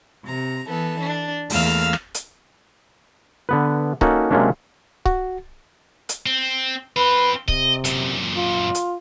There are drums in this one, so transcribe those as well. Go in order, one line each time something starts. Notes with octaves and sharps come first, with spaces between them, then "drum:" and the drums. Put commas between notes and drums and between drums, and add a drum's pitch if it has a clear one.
C3 A#5
E3 B3 A4
D4
E2 A3 A#3 F5 E6 F6, drum: open hi-hat
drum: rim click
drum: hi-hat
D3 B3 B4
A#3 C#4 D#4 F#4 A4, drum: kick C#1
C3 F#3 G#3 A#3 C#4 D4
F#4, drum: kick C#1
drum: hi-hat
C4
C4 F4 B4
C3 D#5, drum: kick C#1
F#2 A#2, drum: hi-hat
F4
drum: hi-hat